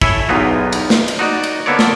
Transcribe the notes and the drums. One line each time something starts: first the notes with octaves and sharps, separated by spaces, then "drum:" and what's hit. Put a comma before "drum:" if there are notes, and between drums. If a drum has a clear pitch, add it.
E4 A4 C#5 G#5, drum: kick
B1 E2 E3 B3 D#4 F4
drum: cymbal
drum: snare
drum: cymbal
D#4 F#4 D5
drum: cymbal
D3 A#3 B3 A4 C#5 D5
drum: snare